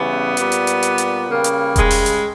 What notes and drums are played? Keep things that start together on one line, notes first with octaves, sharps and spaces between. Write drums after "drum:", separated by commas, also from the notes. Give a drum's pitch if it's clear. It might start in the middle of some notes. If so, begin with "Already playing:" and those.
Already playing: C#3 E3 G3 B3
A#2 G3, drum: hi-hat
drum: hi-hat
drum: hi-hat
drum: hi-hat
drum: hi-hat
C#3 G3 A#3
drum: hi-hat
G#3, drum: kick E1, hi-hat
drum: open hi-hat
drum: hi-hat